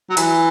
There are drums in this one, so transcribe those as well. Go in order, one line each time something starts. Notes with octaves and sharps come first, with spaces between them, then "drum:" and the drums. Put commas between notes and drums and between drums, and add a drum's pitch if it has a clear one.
F#3
E3, drum: hi-hat